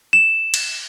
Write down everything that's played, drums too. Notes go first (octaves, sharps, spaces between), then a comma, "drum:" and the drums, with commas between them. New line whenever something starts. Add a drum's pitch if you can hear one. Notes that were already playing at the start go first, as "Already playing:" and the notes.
E7
drum: cymbal